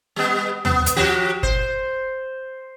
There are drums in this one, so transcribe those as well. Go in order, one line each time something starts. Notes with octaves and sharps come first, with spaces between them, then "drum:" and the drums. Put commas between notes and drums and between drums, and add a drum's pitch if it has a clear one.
G3 B3
B3, drum: tom D#2
drum: hi-hat
F3 F#4 G4
C5, drum: kick